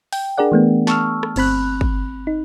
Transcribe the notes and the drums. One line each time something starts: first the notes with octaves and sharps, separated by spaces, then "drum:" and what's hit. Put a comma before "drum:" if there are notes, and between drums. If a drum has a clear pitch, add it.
G5, drum: open hi-hat
D4 G#4 A#4 D5 F#5
E3 A3 B3
A5 C#6 E6 F6, drum: snare
drum: rim click
G1 C4 B5 F#6, drum: cymbal
drum: kick G1
D#4